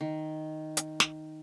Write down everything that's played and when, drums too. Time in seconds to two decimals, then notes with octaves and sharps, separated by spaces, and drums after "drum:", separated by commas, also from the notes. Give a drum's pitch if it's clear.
0.01 D#3
0.77 drum: hi-hat
1.00 drum: snare